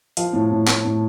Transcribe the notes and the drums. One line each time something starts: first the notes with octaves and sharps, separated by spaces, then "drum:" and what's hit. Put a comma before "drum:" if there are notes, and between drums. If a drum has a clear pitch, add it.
F3 F5, drum: hi-hat
A2
A2
A2, drum: clap
A2